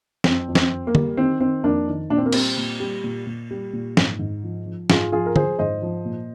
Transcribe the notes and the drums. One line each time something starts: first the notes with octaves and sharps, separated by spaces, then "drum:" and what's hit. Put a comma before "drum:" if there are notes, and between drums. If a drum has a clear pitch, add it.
F2 C4, drum: snare
F2
C4, drum: snare
F2
A#3
G3, drum: tom
D#3 C4
D#3 C4
F2 A#3 D4
D#3
A#2 D4
C4
A#3
G3 C4, drum: cymbal
A#2
G3
A#2
A#2
G3
A#2
G#2, drum: snare
G#2
F3
F3
G#2 F4 G#4, drum: snare
F3 F4 G#4
A#4
F3 G#4 C5, drum: tom
G#2 C5 D#5
F3
A#2